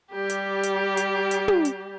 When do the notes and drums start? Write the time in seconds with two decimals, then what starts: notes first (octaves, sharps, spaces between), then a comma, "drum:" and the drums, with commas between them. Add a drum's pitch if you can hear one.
0.13 G3 G4
0.30 drum: hi-hat
0.63 drum: hi-hat
0.97 drum: hi-hat
1.31 drum: hi-hat
1.48 drum: tom
1.65 drum: hi-hat